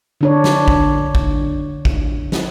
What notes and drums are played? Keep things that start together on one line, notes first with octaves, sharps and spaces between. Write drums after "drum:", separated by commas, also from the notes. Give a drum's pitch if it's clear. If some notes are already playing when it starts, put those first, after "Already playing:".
D3 D4 C#5
drum: snare
drum: kick
drum: kick
drum: kick
drum: snare